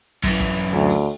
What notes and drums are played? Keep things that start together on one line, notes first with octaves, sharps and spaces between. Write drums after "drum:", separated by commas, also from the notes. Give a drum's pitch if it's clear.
F#2 E3, drum: kick, hi-hat
drum: kick, hi-hat
drum: hi-hat
D2, drum: hi-hat
drum: open hi-hat